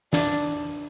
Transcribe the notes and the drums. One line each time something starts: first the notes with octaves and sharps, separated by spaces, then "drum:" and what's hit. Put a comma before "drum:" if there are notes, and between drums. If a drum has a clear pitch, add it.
D4, drum: snare